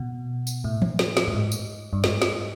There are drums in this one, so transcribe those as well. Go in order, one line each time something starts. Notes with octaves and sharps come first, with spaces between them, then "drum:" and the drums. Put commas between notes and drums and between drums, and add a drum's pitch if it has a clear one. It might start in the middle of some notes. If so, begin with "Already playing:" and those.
Already playing: B2
drum: tambourine
A2
drum: tom E3
drum: snare
drum: snare
A2
G#2
drum: tambourine
G2
G#2, drum: snare
drum: snare